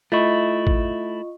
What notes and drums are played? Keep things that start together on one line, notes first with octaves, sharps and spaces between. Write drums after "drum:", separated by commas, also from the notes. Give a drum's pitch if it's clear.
A3 E4 F4 D#5 C#6
drum: kick A1